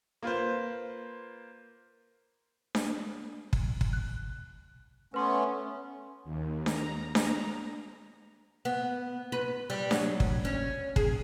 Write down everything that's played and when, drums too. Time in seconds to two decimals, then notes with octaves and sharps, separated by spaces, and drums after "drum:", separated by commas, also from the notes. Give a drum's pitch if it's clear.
0.23 A#3 F4 B4 C5
2.75 drum: snare D4
3.53 drum: kick
3.81 drum: kick
3.93 F#6
5.14 A3 B3 C#4 B4 C6
6.24 D#2
6.66 A#5, drum: snare D4
7.15 A#5, drum: snare D4
8.65 B3
9.32 B4
9.70 G3
9.91 F#3, drum: snare D4
10.20 drum: kick
10.45 C#4
10.96 G#4, drum: kick